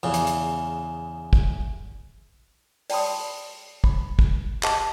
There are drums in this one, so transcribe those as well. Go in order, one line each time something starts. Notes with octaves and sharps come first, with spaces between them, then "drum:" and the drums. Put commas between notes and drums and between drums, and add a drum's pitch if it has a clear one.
E2 C#3
drum: hi-hat
drum: hi-hat
drum: kick
D5 G5 A5 B5 C6 D#6, drum: open hi-hat
B5, drum: kick
drum: kick
G4 G#4 D#5 F#5 A5, drum: clap